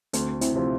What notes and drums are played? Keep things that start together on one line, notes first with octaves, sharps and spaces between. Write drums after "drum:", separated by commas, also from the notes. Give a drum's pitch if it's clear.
D2 A3 C4, drum: hi-hat
C4 E4, drum: hi-hat
C3 F3